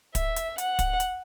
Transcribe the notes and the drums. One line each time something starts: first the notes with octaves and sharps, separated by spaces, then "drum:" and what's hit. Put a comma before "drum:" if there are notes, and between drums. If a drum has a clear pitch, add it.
E5, drum: kick, hi-hat
drum: hi-hat
F#5, drum: hi-hat
drum: kick, hi-hat
drum: hi-hat